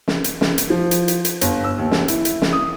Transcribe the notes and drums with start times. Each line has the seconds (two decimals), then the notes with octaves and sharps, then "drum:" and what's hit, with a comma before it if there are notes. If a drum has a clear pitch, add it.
0.08 drum: snare
0.24 drum: hi-hat
0.41 drum: snare
0.58 drum: hi-hat
0.70 F3
0.91 drum: hi-hat
1.08 drum: hi-hat
1.25 drum: hi-hat
1.41 G1, drum: hi-hat
1.64 E6
1.78 D#2
1.91 drum: snare
2.08 E4, drum: hi-hat
2.25 drum: hi-hat
2.42 drum: snare
2.53 D#6